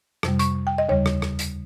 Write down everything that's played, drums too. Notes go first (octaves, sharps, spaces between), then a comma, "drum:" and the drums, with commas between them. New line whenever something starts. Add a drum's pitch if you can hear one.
F2 C3 G3, drum: rim click
C#6, drum: hi-hat
G5
D#5
D#2 C#3 G3 C#5
drum: rim click
drum: rim click
drum: hi-hat